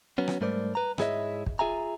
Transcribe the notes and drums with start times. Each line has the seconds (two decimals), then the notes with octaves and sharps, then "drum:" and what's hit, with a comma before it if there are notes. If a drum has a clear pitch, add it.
0.18 F#3 B3 C#4
0.28 drum: rim click
0.41 G#2 G3 A3 A#4 C5 D5
0.75 B4 A#5
0.98 G#2 E4 G#4 C#5 D#5 E5, drum: rim click
1.46 drum: kick
1.59 F4 G#4 E5 G#5 A#5